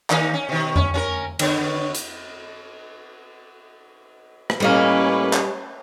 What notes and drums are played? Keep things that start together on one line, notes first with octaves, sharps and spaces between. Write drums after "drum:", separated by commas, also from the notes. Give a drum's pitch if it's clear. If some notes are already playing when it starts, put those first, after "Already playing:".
D#3 A#3 D#4, drum: clap
C#4
B2 D#3
C#4, drum: tom F2
C#4 F4 A#4
D3 B3 C#5, drum: cymbal
drum: hi-hat
drum: rim click
A2 G3 A#3 C#4 B4 D#5
drum: clap